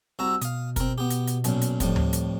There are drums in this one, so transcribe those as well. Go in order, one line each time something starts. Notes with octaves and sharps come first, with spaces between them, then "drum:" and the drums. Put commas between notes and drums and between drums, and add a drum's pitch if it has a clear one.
C2 F#4 A#5 E6
B2 F5 D#6, drum: hi-hat
C4 A#4, drum: kick, hi-hat
B3 G4
drum: hi-hat
drum: hi-hat
B1 F#2 A#2, drum: hi-hat
drum: hi-hat
F2 A2 G3, drum: kick, hi-hat
drum: tom D2
drum: hi-hat